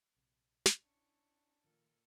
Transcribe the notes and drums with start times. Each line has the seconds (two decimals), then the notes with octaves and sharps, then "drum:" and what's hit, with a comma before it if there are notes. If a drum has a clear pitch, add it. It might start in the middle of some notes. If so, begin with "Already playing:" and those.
0.16 A#1 C3
0.66 drum: snare
0.83 C#4 D4 E4 C#6
1.64 A#2 D#3 F3 F4 A4 A#4